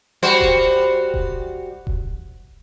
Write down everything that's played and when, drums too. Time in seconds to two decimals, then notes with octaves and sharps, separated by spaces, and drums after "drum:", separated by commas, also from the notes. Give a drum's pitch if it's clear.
0.23 G3 F#4 C5
0.41 drum: kick D#1
1.14 drum: kick D#1
1.87 drum: kick D#1